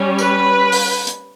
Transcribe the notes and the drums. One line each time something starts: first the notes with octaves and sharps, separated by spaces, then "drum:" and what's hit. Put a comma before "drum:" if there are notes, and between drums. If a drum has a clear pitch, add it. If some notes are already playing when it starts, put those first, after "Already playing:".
Already playing: G3 C#4
B4, drum: tambourine
drum: open hi-hat
drum: hi-hat